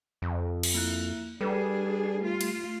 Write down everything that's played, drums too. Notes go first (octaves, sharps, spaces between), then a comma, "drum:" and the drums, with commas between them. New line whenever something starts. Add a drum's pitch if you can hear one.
F2
drum: cymbal
A#3 E4 F#6
G3 D4 G#4 A4 B4
A3 F4
drum: cymbal